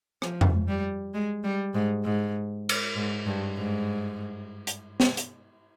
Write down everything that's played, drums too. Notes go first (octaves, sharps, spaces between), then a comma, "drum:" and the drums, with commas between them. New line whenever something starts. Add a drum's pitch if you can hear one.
F3, drum: rim click
drum: tom F2
G3
G#3
G3
G#2
G#2
drum: cymbal
G#2
G2
G#2
drum: hi-hat
drum: snare
drum: hi-hat